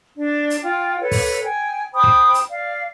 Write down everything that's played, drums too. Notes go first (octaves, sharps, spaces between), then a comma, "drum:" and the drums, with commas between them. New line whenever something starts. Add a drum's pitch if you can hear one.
D4 D5
drum: hi-hat
F4 G5
A4 B4 C#5
drum: kick, open hi-hat
G5 G#5
C5 G5 B5 D#6
drum: kick
drum: hi-hat
D5 F5